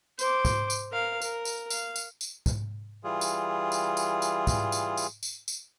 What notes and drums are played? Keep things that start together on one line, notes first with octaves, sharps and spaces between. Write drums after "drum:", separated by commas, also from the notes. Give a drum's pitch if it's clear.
C5 D6, drum: tambourine
drum: kick, tambourine
drum: tambourine
A#4 F5
A#4, drum: tambourine
drum: tambourine
F5, drum: tambourine
drum: tambourine
drum: tambourine
drum: kick, tambourine
E3 G3 F4 G#4
drum: tambourine
drum: tambourine
drum: tambourine
drum: tambourine
drum: kick, tambourine
drum: tambourine
drum: tambourine
drum: tambourine
drum: tambourine